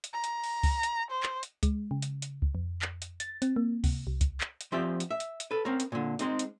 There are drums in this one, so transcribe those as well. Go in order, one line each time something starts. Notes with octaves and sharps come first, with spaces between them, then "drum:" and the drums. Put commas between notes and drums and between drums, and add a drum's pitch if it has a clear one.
drum: hi-hat
A#5
drum: hi-hat
drum: open hi-hat
drum: kick C#2, open hi-hat
drum: hi-hat
C5
drum: clap
drum: hi-hat
G#3, drum: kick C#2, hi-hat
C#3
drum: hi-hat
drum: hi-hat
drum: kick C#2
F2
drum: clap
drum: hi-hat
A6, drum: hi-hat
C4, drum: hi-hat
A#3
C3, drum: kick C#2, open hi-hat
C2
drum: kick C#2, hi-hat
drum: clap
drum: hi-hat
F3 C4 G4 D5 E5
drum: hi-hat
E5
drum: hi-hat
drum: hi-hat
A4 B4
C4 C#4 A#4
drum: hi-hat
A#2 D3
G#3 C4 D#4, drum: hi-hat
drum: hi-hat